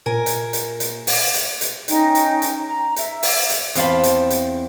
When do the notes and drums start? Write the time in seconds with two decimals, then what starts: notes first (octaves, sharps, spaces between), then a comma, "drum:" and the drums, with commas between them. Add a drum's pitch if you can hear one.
0.06 A#2 A#4 G#5
0.26 drum: hi-hat
0.53 drum: hi-hat
0.80 drum: hi-hat
1.07 drum: open hi-hat
1.34 drum: hi-hat
1.61 drum: hi-hat
1.88 C#4 D#4 G5, drum: hi-hat
2.15 drum: hi-hat
2.42 drum: hi-hat
2.63 A#5
2.96 E5, drum: hi-hat
3.23 drum: open hi-hat
3.50 drum: hi-hat
3.75 E2 C4 F4 F5 A5 B5, drum: hi-hat
4.03 drum: hi-hat
4.30 drum: hi-hat